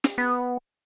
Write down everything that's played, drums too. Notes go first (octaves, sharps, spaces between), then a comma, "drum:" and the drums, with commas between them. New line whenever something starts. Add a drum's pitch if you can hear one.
drum: snare
B3